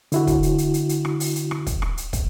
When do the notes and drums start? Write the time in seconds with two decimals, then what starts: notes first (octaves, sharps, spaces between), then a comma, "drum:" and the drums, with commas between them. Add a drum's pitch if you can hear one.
0.12 D3 E4 F#4, drum: hi-hat
0.27 drum: kick, hi-hat
0.43 drum: hi-hat
0.58 drum: hi-hat
0.74 drum: hi-hat
0.89 drum: hi-hat
1.05 drum: rim click
1.20 drum: open hi-hat
1.36 drum: hi-hat
1.51 drum: rim click
1.67 drum: kick, hi-hat
1.82 drum: rim click
1.97 drum: hi-hat
2.13 drum: kick, hi-hat